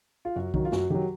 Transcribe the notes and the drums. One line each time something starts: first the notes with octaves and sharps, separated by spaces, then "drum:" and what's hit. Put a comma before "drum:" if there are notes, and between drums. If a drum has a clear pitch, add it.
F4
F#2 F#4
D#3 F#3, drum: kick B1
F4
F#2 F#4, drum: snare
D#3 F#3 G4